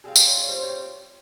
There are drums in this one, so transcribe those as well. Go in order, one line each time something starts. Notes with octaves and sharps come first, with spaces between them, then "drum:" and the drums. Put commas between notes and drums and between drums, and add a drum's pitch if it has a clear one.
G3 C4 F4 G#4
D5, drum: tambourine
C#5
C#5
G3 C4 F4 C5
C#5